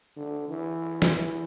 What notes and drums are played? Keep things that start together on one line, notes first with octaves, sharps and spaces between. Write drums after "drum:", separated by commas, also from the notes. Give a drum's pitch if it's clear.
D3
E3
drum: snare
E3